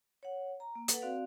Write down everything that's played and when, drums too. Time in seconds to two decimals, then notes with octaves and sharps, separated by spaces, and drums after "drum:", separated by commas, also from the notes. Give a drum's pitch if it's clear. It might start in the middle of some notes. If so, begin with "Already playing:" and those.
0.23 C#5 F#5
0.60 A#5
0.75 A#3
0.88 A4 B4 F#5, drum: hi-hat
1.02 C4 F#4 D5 F5